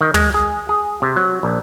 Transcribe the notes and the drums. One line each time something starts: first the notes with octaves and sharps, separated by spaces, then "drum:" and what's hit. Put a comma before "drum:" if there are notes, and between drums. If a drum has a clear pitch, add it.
D#3
G#3, drum: tom
G#4
G#4
C3
F#3
A#1